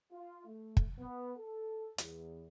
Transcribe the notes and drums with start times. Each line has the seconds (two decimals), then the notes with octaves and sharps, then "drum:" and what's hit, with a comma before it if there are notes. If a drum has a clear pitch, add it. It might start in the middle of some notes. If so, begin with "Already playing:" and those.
0.12 F4
0.46 A3
0.77 drum: kick
0.99 B3
1.37 A4
1.98 E2, drum: hi-hat